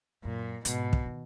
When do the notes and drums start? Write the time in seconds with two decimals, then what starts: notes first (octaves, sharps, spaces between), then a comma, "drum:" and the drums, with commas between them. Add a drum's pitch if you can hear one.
0.24 F#2 A#2
0.65 G#2 B2, drum: hi-hat
0.93 drum: kick
1.06 D#3